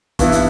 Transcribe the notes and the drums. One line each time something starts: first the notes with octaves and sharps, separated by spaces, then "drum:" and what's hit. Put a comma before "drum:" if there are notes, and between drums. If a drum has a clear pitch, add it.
G2 E3 B3 E4, drum: kick, hi-hat
drum: hi-hat